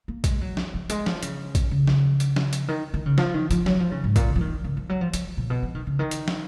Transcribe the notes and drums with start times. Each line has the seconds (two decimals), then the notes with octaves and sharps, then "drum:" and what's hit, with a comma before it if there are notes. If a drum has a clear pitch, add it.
0.08 A#3
0.24 G#3, drum: kick, hi-hat
0.41 F#3
0.57 drum: snare
0.74 F3
0.90 G#3, drum: hi-hat
1.06 F3, drum: snare
1.23 C#3, drum: hi-hat
1.55 drum: kick, hi-hat
1.71 C#3
1.87 drum: snare
2.20 drum: hi-hat
2.36 drum: snare
2.53 drum: hi-hat
2.68 D#3
2.94 D#3
3.06 C#3
3.18 F3, drum: snare
3.34 D#3
3.51 F3, drum: hi-hat
3.66 F#3, drum: snare
3.80 F3
3.91 C#3
4.04 G#2
4.16 A#2, drum: kick, hi-hat
4.28 C#3
4.36 F3
4.41 D#3
4.64 C#3
4.77 F3
4.89 F#3
5.01 F3
5.14 F3, drum: hi-hat
5.37 A#2
5.50 B2
5.63 F3
5.75 D#3
5.87 C#3
5.99 D#3
6.11 drum: hi-hat
6.28 drum: snare